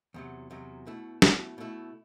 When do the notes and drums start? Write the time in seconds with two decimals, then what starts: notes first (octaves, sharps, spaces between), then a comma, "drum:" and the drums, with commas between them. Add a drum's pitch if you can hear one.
0.14 E2 C3 F#3
0.51 E2 C3 F#3
0.86 B2 A3 E4
1.22 B2 A3 E4, drum: snare
1.58 B2 A3 E4